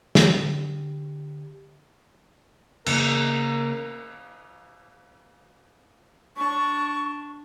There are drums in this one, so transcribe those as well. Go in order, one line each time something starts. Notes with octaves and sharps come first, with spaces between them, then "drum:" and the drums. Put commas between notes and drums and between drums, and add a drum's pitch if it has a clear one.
D3 G4, drum: snare
C#3 A#3 A#4, drum: cymbal
D4 C#6